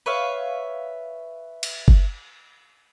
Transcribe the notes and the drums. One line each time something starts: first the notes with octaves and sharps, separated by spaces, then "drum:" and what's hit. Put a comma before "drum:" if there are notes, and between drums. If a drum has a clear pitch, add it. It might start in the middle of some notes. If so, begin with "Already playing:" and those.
B4 C#5 E5 F5
drum: cymbal
drum: kick G1